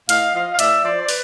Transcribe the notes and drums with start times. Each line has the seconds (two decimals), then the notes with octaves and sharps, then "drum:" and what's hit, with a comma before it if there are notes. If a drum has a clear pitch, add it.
0.09 A2 D#5 F5, drum: hi-hat
0.34 F3 D#5 F5
0.52 F5
0.59 A2 D5 E5, drum: hi-hat
0.84 F3 C5 D5
1.01 D5
1.09 B4, drum: open hi-hat